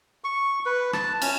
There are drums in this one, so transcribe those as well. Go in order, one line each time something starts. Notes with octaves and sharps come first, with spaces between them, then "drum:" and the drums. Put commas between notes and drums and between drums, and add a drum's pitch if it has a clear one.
C#6
B4
A5, drum: rim click
C#4, drum: cymbal